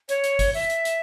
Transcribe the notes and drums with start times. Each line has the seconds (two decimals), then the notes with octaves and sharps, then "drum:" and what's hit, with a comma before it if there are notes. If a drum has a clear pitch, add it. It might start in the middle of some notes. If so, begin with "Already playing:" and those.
0.09 C#5, drum: hi-hat
0.24 drum: hi-hat
0.39 drum: kick G#1, hi-hat
0.54 E5, drum: open hi-hat
0.70 drum: hi-hat
0.85 drum: hi-hat